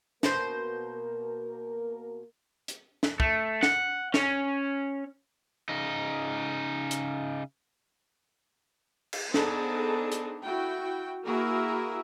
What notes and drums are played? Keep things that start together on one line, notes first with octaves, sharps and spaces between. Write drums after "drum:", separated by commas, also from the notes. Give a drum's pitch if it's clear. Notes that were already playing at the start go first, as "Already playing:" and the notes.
B2 A#3 A#4 C5, drum: snare
drum: hi-hat
drum: snare
A3, drum: kick
F#5, drum: snare
C#4, drum: snare
C#3 D#4
drum: hi-hat
drum: cymbal
B3 D4 D#4 G#4 A4 C5, drum: snare
drum: hi-hat
E4 F#4 G5
A#3 E4 F#4 G#4 A#4 E5